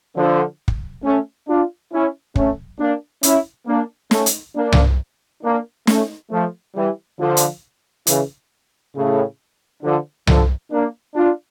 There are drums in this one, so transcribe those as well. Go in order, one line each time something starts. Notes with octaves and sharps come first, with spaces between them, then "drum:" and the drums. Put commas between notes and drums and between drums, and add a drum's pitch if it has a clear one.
D3 F3
drum: kick
A3 C#4
D4 F4
C#4 E4
A3 C#4, drum: kick
A#3 D4
C#4 E4, drum: hi-hat
A#3 D4
A3 C#4, drum: snare
drum: hi-hat
A#3 D4
drum: tom C2
A#3 D4
A3 C#4, drum: snare
F3 A3
E3 G3
D3 F3
drum: hi-hat
C#3 E3, drum: hi-hat
A2 C#3
D3 F3
D3 F3, drum: tom C2
A#3 D4
D4 F4